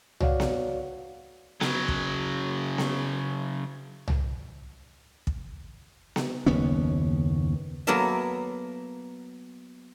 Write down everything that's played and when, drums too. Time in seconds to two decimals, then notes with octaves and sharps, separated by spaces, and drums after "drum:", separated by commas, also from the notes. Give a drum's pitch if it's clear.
0.20 F#4 C#5 D5 F5 F#5, drum: tom C2
0.40 drum: snare B3
1.61 C#3 F#3, drum: snare B3
1.88 drum: kick
2.78 drum: snare B3
4.08 drum: tom C2
5.27 drum: kick
6.16 drum: snare B3
6.46 F#1 D#2 B3 C#4
7.87 F#3 A#3 B3 A4 A#4 E5